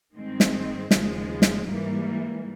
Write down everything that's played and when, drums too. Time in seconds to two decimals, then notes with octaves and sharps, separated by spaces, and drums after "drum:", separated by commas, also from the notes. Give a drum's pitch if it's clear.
0.14 G2 D#3 G#3 C4
0.40 drum: snare
0.91 D#2 C#3 F3 G#3, drum: snare
1.42 drum: snare
1.67 G#2 E3 G3 A#3